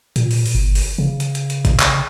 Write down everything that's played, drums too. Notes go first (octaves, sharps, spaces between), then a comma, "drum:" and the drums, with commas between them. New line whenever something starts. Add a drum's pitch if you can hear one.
A#2, drum: hi-hat
drum: open hi-hat
drum: open hi-hat
G1
drum: open hi-hat
C#3
drum: hi-hat
drum: hi-hat
drum: hi-hat
drum: kick G#1, hi-hat
drum: clap